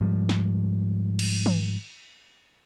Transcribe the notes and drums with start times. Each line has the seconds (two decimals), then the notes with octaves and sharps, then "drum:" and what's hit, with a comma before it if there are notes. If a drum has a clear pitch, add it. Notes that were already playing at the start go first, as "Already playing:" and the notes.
0.01 G#2 F3 G3
0.29 drum: snare
1.19 drum: cymbal
1.46 drum: tom